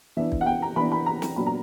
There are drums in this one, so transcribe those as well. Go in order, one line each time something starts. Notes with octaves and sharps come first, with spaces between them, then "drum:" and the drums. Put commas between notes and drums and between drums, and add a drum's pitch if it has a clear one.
E3 B3 D4 E5
drum: kick
F#5
G5
A#5
E3 B3 D4 B5
B5
A#5
drum: snare
A#2 F#3 B3 D4 B5
A#5